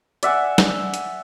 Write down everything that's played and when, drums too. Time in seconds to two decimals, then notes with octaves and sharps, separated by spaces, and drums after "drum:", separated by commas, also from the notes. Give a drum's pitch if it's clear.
0.23 D5 E5 F#5 G#5, drum: hi-hat
0.58 drum: snare
0.94 drum: hi-hat